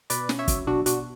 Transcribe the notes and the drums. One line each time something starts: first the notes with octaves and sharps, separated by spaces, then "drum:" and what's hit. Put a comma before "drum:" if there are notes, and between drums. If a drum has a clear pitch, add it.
B2 B4 D5, drum: hi-hat
C#4, drum: snare
C#5 E5
F#3, drum: kick, hi-hat
B2 D4 F#4
B2 D4 F#4, drum: hi-hat